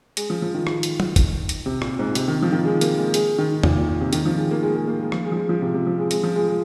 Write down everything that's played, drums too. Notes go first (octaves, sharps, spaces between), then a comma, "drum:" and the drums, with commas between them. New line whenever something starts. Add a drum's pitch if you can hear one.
G#3, drum: hi-hat
F3
F3
D#3
drum: rim click
drum: hi-hat
drum: tom
drum: kick, hi-hat
drum: hi-hat
C3
A#2, drum: rim click
G#2
C3, drum: hi-hat
D#3
F3
D#3
G#3
A#3, drum: hi-hat
G#3
G#3, drum: hi-hat
D#3
A#2, drum: tom
A#2
A#2
C3
D#3, drum: hi-hat
F3
G#3
A#3
G#3
G#3
A#3
G#3
F3, drum: rim click
G#3
F3
G#3
F3
C3
C3
F3
G#3
G#3, drum: hi-hat
F3
G#3
G#3